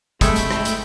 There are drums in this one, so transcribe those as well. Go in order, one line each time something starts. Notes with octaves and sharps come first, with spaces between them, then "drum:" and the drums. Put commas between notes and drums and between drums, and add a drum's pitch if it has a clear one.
C2 C3 G#3 A3 A4 E5 G5 B5, drum: kick, hi-hat
drum: hi-hat
drum: rim click
drum: hi-hat